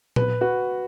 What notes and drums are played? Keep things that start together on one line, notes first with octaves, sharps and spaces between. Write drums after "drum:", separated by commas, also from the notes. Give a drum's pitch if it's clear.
B4, drum: tom A#2
F#4 B4